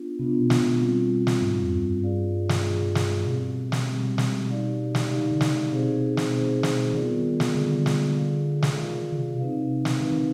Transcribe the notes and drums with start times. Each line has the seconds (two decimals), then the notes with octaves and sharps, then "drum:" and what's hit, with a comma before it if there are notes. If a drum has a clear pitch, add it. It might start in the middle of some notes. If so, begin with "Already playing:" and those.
Already playing: B3 D4 F4
0.19 C3 B3 D4 F4
0.40 B2
0.50 drum: snare
0.60 B2
0.81 G3 C4 F4
1.27 drum: snare
1.42 G#2 G3 C4 F4
1.62 F2
1.79 G#2
1.83 G2
2.03 F4 G#4 D5 F5
2.49 drum: snare
2.64 F4 G#4 D5 F5
2.95 drum: snare
3.26 B2 G3 C4 G4
3.72 drum: snare
3.87 G3 C4 G4
4.18 drum: snare
4.49 D#4 G4 D5 F5
4.95 drum: snare
5.10 C3 D#4 G4 D5 F5
5.31 D3
5.41 drum: snare
5.51 C3
5.71 B2 C4 D#4 G#4 C5
6.17 drum: snare
6.33 C4 D#4 G#4 C5
6.63 drum: snare
6.94 D#3 G3 B3 F4 G#4 D5
7.40 drum: snare
7.55 D3 G3 B3 F4 G#4 D5
7.86 drum: snare
8.16 F4 G#4 D5 F5
8.62 drum: snare
8.72 D3
8.78 D#3 F4 G#4 D5 F5
9.12 D3
9.19 C3
9.34 B2
9.39 C3 C4 D#4 B4 F5
9.85 drum: snare
10.00 D#3 C4 D#4 B4 F5
10.12 D#3